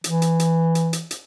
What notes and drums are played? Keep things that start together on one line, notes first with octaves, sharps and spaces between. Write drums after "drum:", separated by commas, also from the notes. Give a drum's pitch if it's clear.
E3, drum: hi-hat
drum: hi-hat
drum: hi-hat
drum: hi-hat
drum: hi-hat
drum: hi-hat